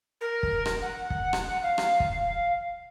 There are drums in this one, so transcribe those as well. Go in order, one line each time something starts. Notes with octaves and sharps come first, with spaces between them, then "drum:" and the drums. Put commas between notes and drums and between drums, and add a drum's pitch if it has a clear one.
A#4
drum: kick
drum: rim click
F#5
drum: kick
drum: rim click
F5
drum: rim click
drum: kick